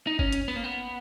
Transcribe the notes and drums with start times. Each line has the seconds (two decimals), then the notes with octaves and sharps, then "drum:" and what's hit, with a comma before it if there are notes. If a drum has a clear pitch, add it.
0.07 D#4
0.19 C#4, drum: kick G1
0.32 drum: hi-hat
0.48 B3
0.56 A#3
0.64 B3